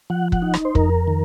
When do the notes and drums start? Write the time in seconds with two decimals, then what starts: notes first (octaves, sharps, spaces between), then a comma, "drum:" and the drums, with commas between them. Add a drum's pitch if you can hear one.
0.10 F3 F#5
0.32 F#5, drum: kick
0.42 D#4
0.54 drum: rim click
0.65 C5
0.75 F2 A#4, drum: kick
1.07 D#3